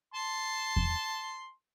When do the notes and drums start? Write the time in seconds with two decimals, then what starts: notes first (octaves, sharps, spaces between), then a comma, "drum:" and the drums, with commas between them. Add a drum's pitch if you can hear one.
0.14 A5 C6
0.76 drum: kick E2